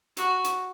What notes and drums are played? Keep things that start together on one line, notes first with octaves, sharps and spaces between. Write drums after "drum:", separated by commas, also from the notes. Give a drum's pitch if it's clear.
F#4, drum: hi-hat
drum: hi-hat